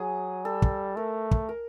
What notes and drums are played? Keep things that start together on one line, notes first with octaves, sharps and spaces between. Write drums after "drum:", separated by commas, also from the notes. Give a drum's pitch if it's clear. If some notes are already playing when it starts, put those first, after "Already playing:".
Already playing: F#3 G#4
G3 A4
drum: kick
A3 A#4
drum: kick
A#4